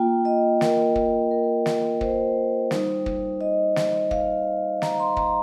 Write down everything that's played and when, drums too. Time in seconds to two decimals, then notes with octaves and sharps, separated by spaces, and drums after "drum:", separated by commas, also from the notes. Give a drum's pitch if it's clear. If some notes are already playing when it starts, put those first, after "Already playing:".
Already playing: A#3 F4 G5
0.25 D#5
0.61 A#4, drum: snare
0.95 drum: kick
1.31 A#4
1.66 drum: snare
2.01 C5, drum: kick
2.71 G3 D#4, drum: snare
3.06 drum: kick
3.41 D#5
3.76 drum: snare
4.11 F5, drum: kick
4.82 A#5, drum: snare
5.00 C6
5.17 A#5, drum: kick